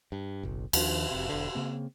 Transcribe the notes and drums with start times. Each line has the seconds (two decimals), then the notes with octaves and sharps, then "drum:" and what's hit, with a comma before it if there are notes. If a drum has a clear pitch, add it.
0.12 G2
0.43 F#1 B1
0.73 D#2 D#3 F3 D4, drum: cymbal
1.11 F1 C3
1.29 E1 D3
1.55 C#3 A#3 C4